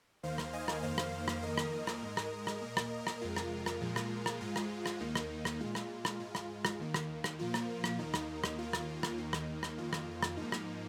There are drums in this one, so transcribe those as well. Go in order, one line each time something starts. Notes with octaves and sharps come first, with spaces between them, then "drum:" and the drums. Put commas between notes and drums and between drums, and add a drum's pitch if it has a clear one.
D#2 D#3 A#3 C5 F5
drum: rim click
D#5 G#5
drum: rim click
F2 D#3 A#3 C5 F5
drum: rim click
drum: rim click
F2 D#3 A#3 A#4 D#5
drum: rim click
drum: rim click
G#2 G#3
drum: rim click
drum: rim click
A#2 A#3
drum: rim click
drum: rim click
F2 C3 G#3 F4 A#4
drum: rim click
drum: rim click
A#2 F3 G#3
drum: rim click
drum: rim click
G#2 G#3 F4
drum: rim click
drum: rim click
D#2 D#3 A#3 D#4
drum: rim click
drum: rim click
A#2 G#3 F4
drum: rim click
drum: rim click
G#2 G#3 F4
drum: rim click
drum: rim click
D#2 D#3 A#3
drum: rim click
drum: rim click
A#2 F3 A#3 F4
drum: rim click
drum: rim click
D#2 D#3 A#3 D#4
drum: rim click
drum: rim click
D#2 D#3 A#3 F4
drum: rim click
drum: rim click
D#2 D#3 A#3 D#4
drum: rim click
drum: rim click
F2 D#3 A#3 F4
drum: rim click
drum: rim click
G#2 F3 A#3 D#4
drum: rim click